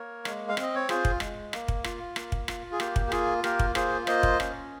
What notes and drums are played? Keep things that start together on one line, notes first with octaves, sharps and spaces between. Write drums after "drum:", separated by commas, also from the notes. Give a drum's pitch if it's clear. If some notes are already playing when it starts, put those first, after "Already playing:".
Already playing: A#3 A#4 C#5
G#3, drum: rim click
F5
C4 D#5, drum: rim click
C#5
F4 G#4 C5, drum: rim click
drum: kick
G#3, drum: rim click
A#3, drum: rim click
drum: kick
F4, drum: rim click
A#3, drum: rim click
drum: kick
F4, drum: rim click
G#4
A#3 G4, drum: rim click
drum: kick
G4
F4 G#4, drum: rim click
A#3 G4 A#4, drum: rim click
drum: kick
F4 G#4 C5, drum: rim click
A#3 C5 D#5, drum: rim click
drum: kick
C#4, drum: rim click